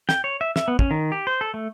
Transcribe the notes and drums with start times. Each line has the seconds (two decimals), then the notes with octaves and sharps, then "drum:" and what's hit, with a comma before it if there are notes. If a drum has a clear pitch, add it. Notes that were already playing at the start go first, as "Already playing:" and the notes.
0.09 G5, drum: snare
0.24 C#5
0.41 E5
0.56 E5, drum: snare
0.68 B3
0.79 C#4, drum: kick
0.91 D#3
1.12 G4
1.27 C5
1.41 A4
1.54 A3